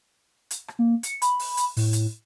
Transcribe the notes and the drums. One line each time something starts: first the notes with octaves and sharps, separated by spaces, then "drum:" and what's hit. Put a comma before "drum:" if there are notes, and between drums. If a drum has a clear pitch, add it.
drum: hi-hat
drum: rim click
A#3
C#7, drum: hi-hat
B5, drum: hi-hat
drum: open hi-hat
drum: hi-hat
A2, drum: open hi-hat
drum: hi-hat